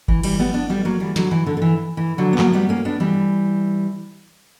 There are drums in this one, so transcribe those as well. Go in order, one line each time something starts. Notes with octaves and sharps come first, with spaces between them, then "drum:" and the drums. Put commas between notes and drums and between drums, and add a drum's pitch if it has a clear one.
E3, drum: kick G1
E3 G3, drum: cymbal
G3 B3
B3 D4
G3 B3
F#3 A#3
E3 G3
D3 F#3, drum: snare
E3
D3
D3
E3
E3
D3 F#3
B3
F#3 A#3, drum: clap
G3 B3
A#3 C#4
B3 D4
E3 G3